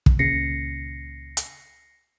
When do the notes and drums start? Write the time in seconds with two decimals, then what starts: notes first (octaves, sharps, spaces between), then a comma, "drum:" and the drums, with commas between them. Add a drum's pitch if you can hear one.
0.06 drum: kick
0.19 C#2 A#2 C#3 A#6 C7 C#7
1.37 drum: hi-hat